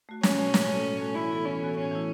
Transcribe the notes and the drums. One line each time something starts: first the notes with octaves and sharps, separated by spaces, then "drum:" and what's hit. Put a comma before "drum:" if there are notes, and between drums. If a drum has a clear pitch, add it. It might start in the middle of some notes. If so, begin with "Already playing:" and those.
A3 F#4
B2 C#4, drum: snare
A3 F#4
A2, drum: snare
A3 F#4 A4
A2
A3 F#4 A4
E3 E4
B3 F#4 A4
E3 C#4
B3 F#4 A4
A2 C#4
E3 A3 E4